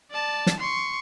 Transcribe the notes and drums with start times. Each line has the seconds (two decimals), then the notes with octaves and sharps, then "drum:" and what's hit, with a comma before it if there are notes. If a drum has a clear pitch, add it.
0.11 D5 A5
0.46 drum: snare
0.60 C6 C#6